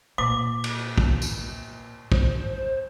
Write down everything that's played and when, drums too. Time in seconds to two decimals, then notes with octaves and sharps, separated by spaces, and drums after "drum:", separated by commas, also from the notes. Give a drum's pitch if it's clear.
0.18 A#2 D6
0.64 drum: cymbal
0.98 drum: kick
1.22 drum: tambourine
2.12 C5, drum: kick